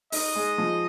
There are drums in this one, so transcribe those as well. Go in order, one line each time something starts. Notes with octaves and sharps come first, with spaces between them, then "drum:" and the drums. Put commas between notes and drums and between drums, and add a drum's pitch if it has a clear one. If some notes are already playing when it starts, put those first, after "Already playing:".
D#4 D#5, drum: open hi-hat
G#3
F3